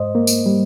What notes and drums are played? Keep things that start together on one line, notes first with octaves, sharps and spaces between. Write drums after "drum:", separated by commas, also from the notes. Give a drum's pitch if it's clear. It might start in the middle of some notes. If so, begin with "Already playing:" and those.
Already playing: G#2 C5 D#5
A#3
drum: tambourine
G3